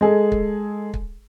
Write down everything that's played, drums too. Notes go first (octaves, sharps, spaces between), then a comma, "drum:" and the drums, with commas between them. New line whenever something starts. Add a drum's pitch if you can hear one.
G#3 G#4 A4
drum: kick
drum: kick